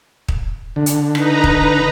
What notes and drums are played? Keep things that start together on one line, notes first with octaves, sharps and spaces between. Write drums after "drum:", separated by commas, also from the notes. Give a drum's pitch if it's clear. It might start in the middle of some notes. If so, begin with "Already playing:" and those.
drum: kick
D3
drum: hi-hat
D#4 B4 A#5, drum: rim click
drum: kick